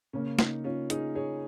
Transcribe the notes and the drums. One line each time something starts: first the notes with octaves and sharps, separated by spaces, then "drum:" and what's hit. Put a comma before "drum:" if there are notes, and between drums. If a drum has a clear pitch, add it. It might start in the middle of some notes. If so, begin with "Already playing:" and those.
C#3 A#3 C#4
D#4, drum: snare
C#4 F4
D#4 G#4, drum: hi-hat
G#4 C#5